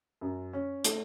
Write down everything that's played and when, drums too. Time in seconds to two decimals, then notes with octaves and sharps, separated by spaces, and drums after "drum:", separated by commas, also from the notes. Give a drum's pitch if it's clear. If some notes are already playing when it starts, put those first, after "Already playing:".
0.21 F#2
0.53 C#4
0.85 A3, drum: hi-hat